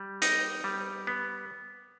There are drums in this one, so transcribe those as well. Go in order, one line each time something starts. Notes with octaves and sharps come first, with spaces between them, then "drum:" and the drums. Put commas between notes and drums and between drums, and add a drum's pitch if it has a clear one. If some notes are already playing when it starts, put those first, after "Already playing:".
Already playing: G3
D#4, drum: hi-hat
G3
B3